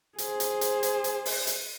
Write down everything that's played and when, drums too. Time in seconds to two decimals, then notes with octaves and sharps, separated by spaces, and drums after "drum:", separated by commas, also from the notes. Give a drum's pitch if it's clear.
0.18 G#4 C5, drum: hi-hat
0.40 drum: hi-hat
0.61 drum: hi-hat
0.83 drum: hi-hat
1.04 drum: hi-hat
1.26 drum: open hi-hat
1.47 drum: hi-hat